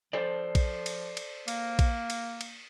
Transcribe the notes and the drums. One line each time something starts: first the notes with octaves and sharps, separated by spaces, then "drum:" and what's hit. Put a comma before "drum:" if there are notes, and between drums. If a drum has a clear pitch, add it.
F3 A4 C5 D5
drum: kick A#1, cymbal
drum: cymbal
drum: cymbal
A#3, drum: cymbal
drum: kick A#1, cymbal
drum: cymbal
drum: cymbal